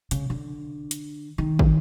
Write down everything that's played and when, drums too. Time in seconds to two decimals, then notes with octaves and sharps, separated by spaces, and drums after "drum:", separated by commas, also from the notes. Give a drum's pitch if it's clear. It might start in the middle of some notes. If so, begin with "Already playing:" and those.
0.11 C#3, drum: hi-hat
0.30 D3
0.91 drum: hi-hat
1.38 D#3
1.59 drum: kick